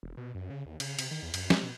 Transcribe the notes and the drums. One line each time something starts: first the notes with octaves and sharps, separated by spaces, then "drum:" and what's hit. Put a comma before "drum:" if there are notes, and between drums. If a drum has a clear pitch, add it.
E1
B2
F#2
C#3
D#2
C#3, drum: cymbal
C3, drum: cymbal
D#3
E2
F#2, drum: cymbal
G#3, drum: snare
B2